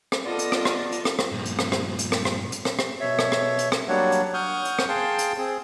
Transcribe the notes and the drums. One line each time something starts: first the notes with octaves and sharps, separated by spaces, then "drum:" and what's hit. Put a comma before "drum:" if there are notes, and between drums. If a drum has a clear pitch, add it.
drum: rim click
B3 F4 A4 D5 D#5
drum: hi-hat
drum: rim click
drum: rim click
drum: hi-hat
drum: rim click
drum: rim click
G2 A#2
drum: hi-hat
drum: rim click
drum: rim click
drum: hi-hat
drum: rim click
drum: rim click
drum: hi-hat
drum: rim click
drum: rim click
B2 C#5 E5
drum: rim click
drum: rim click
drum: hi-hat
drum: rim click
F#3 G3 A#3 D4 C#5 F#5
drum: hi-hat
F#5 C#6 D#6 F6 G6
drum: hi-hat
drum: rim click
G#4 F5 G5 A5 C6
drum: hi-hat
C4 G#4